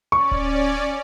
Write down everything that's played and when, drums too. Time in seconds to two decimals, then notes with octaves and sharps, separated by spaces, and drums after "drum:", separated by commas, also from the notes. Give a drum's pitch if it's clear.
0.12 C#4 D5 C#6
0.31 drum: kick D1